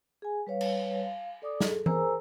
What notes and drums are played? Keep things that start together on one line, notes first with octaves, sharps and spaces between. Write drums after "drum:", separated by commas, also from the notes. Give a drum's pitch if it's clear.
G#4 G#5
G3 B4 C#5 F5
drum: cymbal
F5
A4 D5 D6 D#6
G#4 A4, drum: snare
G#4 A#4 C5 G#5 A#5 E6, drum: tom E3